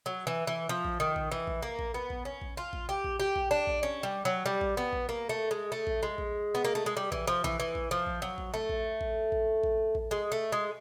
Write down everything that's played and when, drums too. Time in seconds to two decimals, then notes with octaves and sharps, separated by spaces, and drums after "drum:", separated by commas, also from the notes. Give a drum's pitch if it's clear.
0.06 F#3
0.27 E3
0.47 E3
0.69 F3
0.85 drum: kick A#1
1.00 D#3
1.16 drum: kick A#1
1.32 E3
1.47 drum: kick A#1
1.62 A#3
1.79 drum: kick A#1
1.94 B3
2.10 drum: kick A#1
2.25 C#4
2.42 drum: kick A#1
2.57 F4
2.73 drum: kick A#1
2.89 G4
3.04 drum: kick A#1
3.20 G4
3.36 drum: kick A#1
3.51 D4
3.67 drum: kick A#1
3.83 C#4
4.03 G3
4.25 F#3
4.46 G3
4.61 drum: kick A#1
4.77 B3
4.93 drum: kick A#1
5.09 A#3
5.29 A3
5.51 G#3
5.72 A3
5.87 drum: kick A#1
6.03 G#3
6.18 drum: kick A#1
6.55 B3
6.65 A#3
6.75 A3
6.86 G#3
6.97 G3
7.12 E3, drum: kick A#1
7.27 F3
7.44 E3, drum: kick A#1
7.60 E3
7.75 drum: kick A#1
7.91 F3
8.07 drum: kick A#1
8.22 F#3
8.38 drum: kick A#1
8.54 A3
8.69 drum: kick A#1
9.01 drum: kick A#1
9.32 drum: kick A#1
9.64 drum: kick A#1
9.95 drum: kick A#1
10.11 G#3
10.32 A3
10.52 G#3